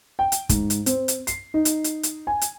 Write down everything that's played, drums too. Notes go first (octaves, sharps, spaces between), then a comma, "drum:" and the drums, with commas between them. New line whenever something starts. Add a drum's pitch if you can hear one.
G5
drum: hi-hat
G#2, drum: kick, hi-hat
drum: hi-hat
C4, drum: hi-hat
drum: hi-hat
C7, drum: hi-hat
D#4
drum: hi-hat
drum: hi-hat
drum: hi-hat
G#5
drum: hi-hat